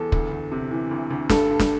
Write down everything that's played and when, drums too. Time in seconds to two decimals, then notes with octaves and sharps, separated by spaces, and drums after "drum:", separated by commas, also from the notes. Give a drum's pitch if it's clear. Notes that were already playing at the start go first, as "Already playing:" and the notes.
Already playing: E2 A4
0.12 D2, drum: kick
0.31 D2
0.52 C3
0.71 E3
0.91 D2
1.11 D2
1.29 G2 A4, drum: snare
1.50 G2
1.59 drum: snare